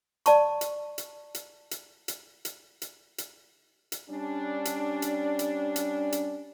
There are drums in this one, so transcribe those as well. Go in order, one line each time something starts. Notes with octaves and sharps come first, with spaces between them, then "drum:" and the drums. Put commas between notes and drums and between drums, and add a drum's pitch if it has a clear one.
D5 A5 C#6, drum: hi-hat
drum: hi-hat
drum: hi-hat
drum: hi-hat
drum: hi-hat
drum: hi-hat
drum: hi-hat
drum: hi-hat
drum: hi-hat
drum: hi-hat
G3 C#4 D4
drum: hi-hat
drum: hi-hat
drum: hi-hat
drum: hi-hat
drum: hi-hat